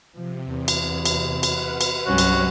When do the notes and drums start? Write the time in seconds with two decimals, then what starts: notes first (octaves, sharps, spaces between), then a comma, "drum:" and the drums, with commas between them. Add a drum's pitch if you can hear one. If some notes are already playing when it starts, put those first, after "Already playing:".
0.15 C3 F3
0.49 E2
0.68 drum: cymbal
1.05 drum: cymbal
1.43 B4 F#5 F6, drum: cymbal
1.81 drum: cymbal
2.06 C2 G2 F#3 G3 C#4 F#4
2.18 drum: cymbal